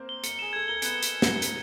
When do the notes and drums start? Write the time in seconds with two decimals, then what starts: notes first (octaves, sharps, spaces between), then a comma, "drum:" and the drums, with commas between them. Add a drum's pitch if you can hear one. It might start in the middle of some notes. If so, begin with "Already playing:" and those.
Already playing: A#3 C4 A#4 C5
0.09 G7
0.24 C#7, drum: hi-hat
0.39 G#4 E7
0.53 A4 G#6
0.68 A#4 G7
0.82 B3 B4 C#7, drum: hi-hat
1.03 drum: hi-hat
1.22 drum: snare
1.42 drum: hi-hat